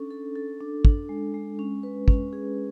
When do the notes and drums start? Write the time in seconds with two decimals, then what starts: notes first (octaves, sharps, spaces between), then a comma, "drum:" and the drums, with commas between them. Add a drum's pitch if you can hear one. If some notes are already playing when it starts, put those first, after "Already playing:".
Already playing: C#4 D4 A4
0.11 A4
0.36 A4
0.61 D4
0.85 D4, drum: kick
1.09 G#3
1.34 G#3
1.59 C#4
1.83 B4
2.08 C#4, drum: kick
2.33 G#4